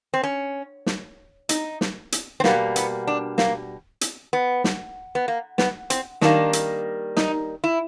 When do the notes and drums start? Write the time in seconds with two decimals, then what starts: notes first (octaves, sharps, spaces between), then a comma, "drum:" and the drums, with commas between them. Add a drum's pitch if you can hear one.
0.14 C4
0.23 C#4
0.86 drum: snare
1.49 D#4, drum: hi-hat
1.81 drum: snare
2.12 drum: hi-hat
2.40 C4
2.44 B2 G3 A#3 B3, drum: snare
2.76 B3, drum: hi-hat
3.07 D4
3.38 A#3, drum: snare
4.01 drum: hi-hat
4.33 B3
4.64 drum: snare
5.15 B3
5.28 A#3
5.58 B3, drum: snare
5.90 C4, drum: hi-hat
6.21 D#3 G3 A#3 D4, drum: snare
6.53 drum: hi-hat
7.17 D#4, drum: snare
7.64 E4